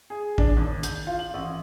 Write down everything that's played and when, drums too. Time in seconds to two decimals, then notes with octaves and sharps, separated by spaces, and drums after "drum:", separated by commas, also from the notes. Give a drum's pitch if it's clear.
0.10 G#4
0.38 D4, drum: kick A1
0.57 D#2
0.83 G6, drum: hi-hat
1.07 F4
1.19 F#7
1.34 A1